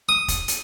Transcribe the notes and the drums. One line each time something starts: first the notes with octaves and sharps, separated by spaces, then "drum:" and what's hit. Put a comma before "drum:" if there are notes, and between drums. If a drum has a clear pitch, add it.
D#6
drum: kick, hi-hat
drum: hi-hat